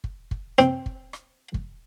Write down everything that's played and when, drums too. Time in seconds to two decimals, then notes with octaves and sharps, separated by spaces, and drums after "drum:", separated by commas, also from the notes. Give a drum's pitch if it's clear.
0.04 drum: kick
0.31 drum: kick
0.58 C4, drum: rim click
0.86 drum: kick
1.13 drum: rim click
1.54 drum: kick